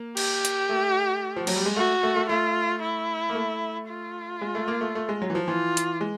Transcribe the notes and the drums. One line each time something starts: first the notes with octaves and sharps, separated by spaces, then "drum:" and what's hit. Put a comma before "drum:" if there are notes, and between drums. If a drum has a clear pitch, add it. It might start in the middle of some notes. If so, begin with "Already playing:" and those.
Already playing: A#3
G4, drum: cymbal
drum: hi-hat
A3
F3
F#3, drum: cymbal
G3
G#3
A3 F#4
A3
A3
A3 F4
E4
A#3
A3
F4
G#3
A3
A#3
A3
A3
G#3
F#3
E3
F3
E3 F4
drum: hi-hat
G#3